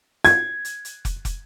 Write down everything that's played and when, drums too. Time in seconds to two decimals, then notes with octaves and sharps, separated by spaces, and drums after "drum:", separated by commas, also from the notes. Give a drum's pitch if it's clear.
0.25 G#6, drum: hi-hat
0.65 drum: hi-hat
0.85 drum: hi-hat
1.05 drum: kick, hi-hat
1.25 drum: kick, hi-hat